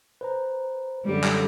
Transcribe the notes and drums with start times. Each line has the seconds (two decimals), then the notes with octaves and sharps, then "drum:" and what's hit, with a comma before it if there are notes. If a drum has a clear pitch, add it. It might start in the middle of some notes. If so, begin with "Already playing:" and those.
0.21 B4 C5 A#5
1.05 F#2 D3 G3 G#3 G4
1.24 drum: clap